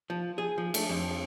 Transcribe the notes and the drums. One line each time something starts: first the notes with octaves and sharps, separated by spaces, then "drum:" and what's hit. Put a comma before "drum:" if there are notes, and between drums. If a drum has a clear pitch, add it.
F3
G#4
F3
A3, drum: cymbal
F2